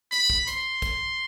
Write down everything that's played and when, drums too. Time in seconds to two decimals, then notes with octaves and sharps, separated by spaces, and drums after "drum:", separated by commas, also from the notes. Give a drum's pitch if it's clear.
0.12 B5, drum: hi-hat
0.30 drum: kick
0.48 C6, drum: hi-hat
0.82 drum: kick, hi-hat